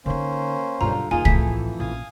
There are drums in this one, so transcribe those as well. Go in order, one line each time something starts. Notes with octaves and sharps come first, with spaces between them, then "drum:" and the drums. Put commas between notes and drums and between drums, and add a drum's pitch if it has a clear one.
D3 A#3 C#4 D#4 C5
B1 G2 D3 G3 F4 A#5
F2 A#2 D#3 D#4 F4 G#4 G#5
A1 F2 E3 A3 B6, drum: kick
A#1 C#4 F5 G#5 D#6